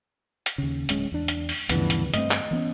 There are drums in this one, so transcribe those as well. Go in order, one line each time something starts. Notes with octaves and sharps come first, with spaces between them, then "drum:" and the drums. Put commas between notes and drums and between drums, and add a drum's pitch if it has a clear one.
drum: hi-hat
D#2 C#3
D1 G#3 C#4, drum: hi-hat
E2 D4
drum: hi-hat
drum: open hi-hat
D2 G2 C#3 E3 F3 B3, drum: hi-hat
drum: hi-hat
G2 A3 C4 D#5, drum: hi-hat
drum: clap
E3 B3 C#4